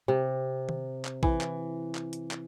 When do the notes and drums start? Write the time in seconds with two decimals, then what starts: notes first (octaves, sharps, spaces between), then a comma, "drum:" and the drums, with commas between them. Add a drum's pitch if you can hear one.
0.08 C3
0.69 drum: tom D#3
1.05 drum: clap
1.23 E3, drum: kick A#1
1.41 drum: clap
1.95 drum: clap
2.13 drum: hi-hat
2.31 drum: clap